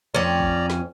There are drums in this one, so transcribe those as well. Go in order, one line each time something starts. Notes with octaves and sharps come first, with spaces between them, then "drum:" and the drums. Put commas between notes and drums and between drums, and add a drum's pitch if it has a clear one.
F2 C#4 D5 A#5
drum: kick
drum: snare